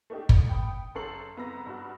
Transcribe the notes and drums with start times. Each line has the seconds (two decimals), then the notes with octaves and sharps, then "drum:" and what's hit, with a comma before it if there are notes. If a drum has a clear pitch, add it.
0.10 A3 A#3 D4 D#4 G4
0.29 A1 D5 C#7 D7, drum: kick
0.49 G5 B5 D#6
0.95 F#1 C#4 A4 C#6 C7 F#7
1.37 F#1 B3 C4 A#5 E6 A#6
1.66 G2 F#4